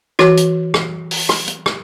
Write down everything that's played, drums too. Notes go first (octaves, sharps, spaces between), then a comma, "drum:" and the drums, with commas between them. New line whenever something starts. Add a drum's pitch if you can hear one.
E3 F#4 C#5, drum: rim click
drum: hi-hat
drum: rim click
drum: open hi-hat
drum: rim click
drum: hi-hat
drum: rim click